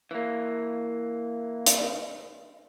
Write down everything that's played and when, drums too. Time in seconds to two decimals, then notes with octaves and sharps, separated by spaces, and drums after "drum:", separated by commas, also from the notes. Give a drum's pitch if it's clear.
0.11 E3 A#3
1.67 drum: hi-hat